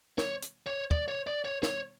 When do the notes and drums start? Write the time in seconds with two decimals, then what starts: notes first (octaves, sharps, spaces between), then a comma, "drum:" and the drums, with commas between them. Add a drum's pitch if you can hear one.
0.18 C#5, drum: snare
0.42 drum: hi-hat
0.67 C#5
0.91 D5, drum: kick
1.08 C#5
1.27 D5
1.45 C#5
1.63 C#5, drum: snare